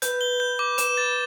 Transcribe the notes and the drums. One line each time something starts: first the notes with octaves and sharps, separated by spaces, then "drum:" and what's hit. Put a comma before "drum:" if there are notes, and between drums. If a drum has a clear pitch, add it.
B4 G6, drum: hi-hat
G7
G6
D6
E7, drum: hi-hat
A6